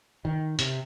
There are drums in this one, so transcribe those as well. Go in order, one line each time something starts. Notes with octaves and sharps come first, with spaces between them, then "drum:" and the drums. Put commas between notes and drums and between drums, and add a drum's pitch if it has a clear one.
D#3
C3, drum: hi-hat